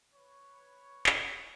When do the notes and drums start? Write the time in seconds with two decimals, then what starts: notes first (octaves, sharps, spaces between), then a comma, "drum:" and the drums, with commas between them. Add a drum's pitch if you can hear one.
0.15 B4 C#5
1.06 drum: clap